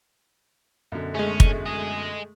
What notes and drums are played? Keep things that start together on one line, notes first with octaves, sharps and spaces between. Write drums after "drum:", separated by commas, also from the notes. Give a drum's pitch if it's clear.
F#2 B2 D3
G#3 A3 C#4
drum: kick
G#4 D#5